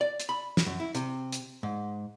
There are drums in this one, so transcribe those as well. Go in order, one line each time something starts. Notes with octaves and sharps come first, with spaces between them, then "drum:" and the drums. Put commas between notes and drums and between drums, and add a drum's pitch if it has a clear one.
D5
drum: hi-hat
B5
drum: snare
F#2
E4
C3, drum: hi-hat
drum: hi-hat
G#2